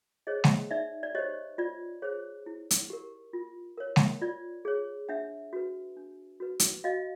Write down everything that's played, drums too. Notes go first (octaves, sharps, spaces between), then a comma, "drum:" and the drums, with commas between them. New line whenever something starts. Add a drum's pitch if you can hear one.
G#4 C5 C#5 D#5
drum: snare G#3
D#4 D5 E5
D5
G4 C5 C#5 D#5
F4 D5
G#4 C5 C#5
E4
drum: hi-hat
G4 A#4
F4
A#4 C#5
drum: snare G#3
F4 D5
G#4 C#5
D4 E5 F#5
F#4 B4
D4
F#4 B4
drum: hi-hat
F#4 D#5 F5